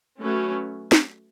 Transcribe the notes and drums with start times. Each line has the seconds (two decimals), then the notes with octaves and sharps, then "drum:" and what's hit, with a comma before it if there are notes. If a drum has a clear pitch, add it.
0.22 F#3 A3 C#4 F#4 B4
0.92 drum: snare